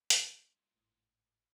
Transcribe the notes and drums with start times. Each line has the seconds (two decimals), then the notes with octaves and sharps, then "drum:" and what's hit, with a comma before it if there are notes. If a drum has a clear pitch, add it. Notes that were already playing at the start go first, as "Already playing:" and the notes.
0.10 G2 A#2 C#5, drum: hi-hat
0.74 G#1 A2